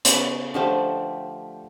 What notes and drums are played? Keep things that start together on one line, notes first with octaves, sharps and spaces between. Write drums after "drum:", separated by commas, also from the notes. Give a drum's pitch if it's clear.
C#3 B3, drum: hi-hat
D3 F3 A3 D4 G4